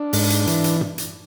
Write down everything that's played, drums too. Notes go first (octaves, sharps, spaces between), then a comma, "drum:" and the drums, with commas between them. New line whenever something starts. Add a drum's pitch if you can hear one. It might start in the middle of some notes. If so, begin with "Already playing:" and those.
Already playing: D4
G#2, drum: open hi-hat
drum: hi-hat
E3, drum: hi-hat
drum: hi-hat
drum: tom
drum: hi-hat